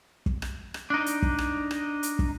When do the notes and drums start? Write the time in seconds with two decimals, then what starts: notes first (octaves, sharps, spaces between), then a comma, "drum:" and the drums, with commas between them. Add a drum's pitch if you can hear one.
0.26 drum: kick
0.42 drum: rim click
0.74 drum: rim click
0.90 D4 D#4
1.06 drum: hi-hat
1.22 drum: kick
1.39 drum: rim click
1.71 drum: rim click
2.03 drum: hi-hat
2.19 drum: kick